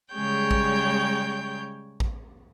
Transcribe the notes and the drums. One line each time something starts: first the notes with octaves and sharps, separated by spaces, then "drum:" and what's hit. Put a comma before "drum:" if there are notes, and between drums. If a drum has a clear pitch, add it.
C#3 G3 G#3 C#5 G5 G6
drum: kick A1
drum: kick A1